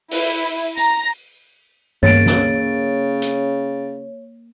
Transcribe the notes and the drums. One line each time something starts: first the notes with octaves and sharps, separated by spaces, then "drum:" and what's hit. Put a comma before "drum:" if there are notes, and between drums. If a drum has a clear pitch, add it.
E4, drum: open hi-hat
A#5, drum: tambourine
C#3 A#3 C#5 A6 D7, drum: tom G2
drum: snare
drum: hi-hat